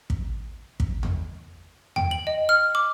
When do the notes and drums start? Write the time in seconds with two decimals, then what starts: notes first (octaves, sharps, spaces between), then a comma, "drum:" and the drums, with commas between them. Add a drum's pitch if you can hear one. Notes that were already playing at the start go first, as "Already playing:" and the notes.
0.10 drum: kick
0.80 drum: kick
1.03 drum: tom E2
1.96 G5, drum: tom E2
2.11 F#7
2.27 D#5
2.49 F6
2.75 D6